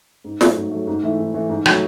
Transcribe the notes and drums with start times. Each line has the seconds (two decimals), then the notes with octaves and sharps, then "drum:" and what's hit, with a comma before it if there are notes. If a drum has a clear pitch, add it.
0.24 G#2
0.41 F#3 A3, drum: snare
0.57 G#2
0.71 F#3 A3
0.87 G#2
1.03 E3 A3 E4
1.19 G#2
1.34 E3 A3 E4
1.49 G#2
1.66 F#3 A3, drum: rim click